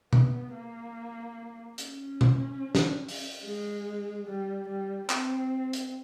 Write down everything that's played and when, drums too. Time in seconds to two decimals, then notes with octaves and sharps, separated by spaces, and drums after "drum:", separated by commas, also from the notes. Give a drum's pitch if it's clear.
0.13 B3, drum: tom
0.54 A#3
1.78 C#4, drum: hi-hat
2.21 drum: tom
2.75 drum: snare
3.09 drum: open hi-hat
3.44 G#3
4.27 G3
4.68 G3
5.10 C4, drum: clap
5.73 drum: hi-hat